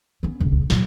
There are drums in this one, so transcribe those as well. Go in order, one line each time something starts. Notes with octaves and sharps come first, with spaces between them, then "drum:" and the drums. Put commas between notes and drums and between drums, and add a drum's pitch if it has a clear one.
B3 C#4
D#1 C#3
drum: kick C2
A#2 F#3, drum: snare